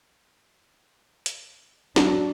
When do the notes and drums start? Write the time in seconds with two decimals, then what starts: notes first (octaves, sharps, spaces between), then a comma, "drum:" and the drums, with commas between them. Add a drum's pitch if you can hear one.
1.26 drum: hi-hat
1.96 F#3 D4, drum: snare